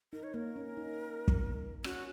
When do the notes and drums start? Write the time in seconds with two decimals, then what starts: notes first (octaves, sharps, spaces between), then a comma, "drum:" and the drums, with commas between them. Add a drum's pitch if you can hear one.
0.13 D#4 A#4
0.23 C#5
0.34 A#3 A#4
0.56 C#4
0.77 D#4
1.28 drum: kick
1.84 C#4 F#4, drum: rim click